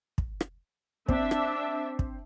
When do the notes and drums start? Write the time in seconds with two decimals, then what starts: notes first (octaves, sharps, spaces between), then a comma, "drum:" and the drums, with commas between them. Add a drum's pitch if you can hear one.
0.18 drum: kick
0.41 drum: rim click
1.08 C4 D4 E5, drum: kick
1.31 drum: rim click
1.99 drum: kick